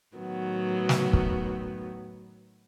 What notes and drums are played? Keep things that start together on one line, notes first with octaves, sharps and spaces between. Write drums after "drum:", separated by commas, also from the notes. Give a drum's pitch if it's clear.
A2 D#3 F#3 B3
drum: snare
drum: kick